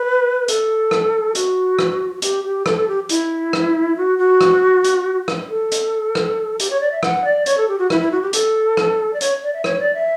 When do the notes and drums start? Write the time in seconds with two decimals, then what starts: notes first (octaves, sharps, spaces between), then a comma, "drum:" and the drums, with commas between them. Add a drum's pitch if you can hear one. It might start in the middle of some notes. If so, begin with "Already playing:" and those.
Already playing: B4
0.48 A4, drum: hi-hat
0.91 drum: rim click
1.35 F#4, drum: hi-hat
1.79 drum: rim click
2.16 F#4
2.22 G4, drum: hi-hat
2.44 G4
2.66 A4, drum: rim click
2.77 A4
2.88 G4
3.09 E4, drum: hi-hat
3.53 drum: rim click
3.97 F#4
4.18 F#4
4.41 drum: rim click
4.84 drum: hi-hat
5.28 drum: rim click
5.50 A4
5.72 drum: hi-hat
6.15 drum: rim click
6.60 G4, drum: hi-hat
6.70 C#5
6.81 D5
6.92 E5
7.03 F#5, drum: rim click
7.25 D5
7.46 C#5, drum: hi-hat
7.58 A4
7.68 G4
7.79 F#4
7.90 E4, drum: rim click
8.01 E4
8.12 F#4
8.22 G4
8.33 A4, drum: hi-hat
8.77 drum: rim click
9.14 D5
9.21 C#5, drum: hi-hat
9.43 D5
9.53 E5
9.64 C#5, drum: rim click
9.80 D5
9.94 E5